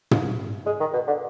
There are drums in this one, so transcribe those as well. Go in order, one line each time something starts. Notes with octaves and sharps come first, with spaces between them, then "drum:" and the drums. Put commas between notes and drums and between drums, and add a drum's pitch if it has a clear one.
drum: tom
G#3
D#3
B2
D3